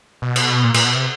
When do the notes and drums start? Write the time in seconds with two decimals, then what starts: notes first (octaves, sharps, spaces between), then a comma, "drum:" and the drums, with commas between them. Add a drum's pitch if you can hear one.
0.22 B2
0.36 drum: cymbal
0.64 A#2
0.74 A#2, drum: cymbal
0.85 B2
0.95 C3